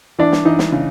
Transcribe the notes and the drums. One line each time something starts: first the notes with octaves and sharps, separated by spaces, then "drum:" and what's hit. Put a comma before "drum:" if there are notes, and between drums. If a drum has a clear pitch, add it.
E3 D4 D5
drum: snare
E3 D#4 D#5
drum: snare
C#3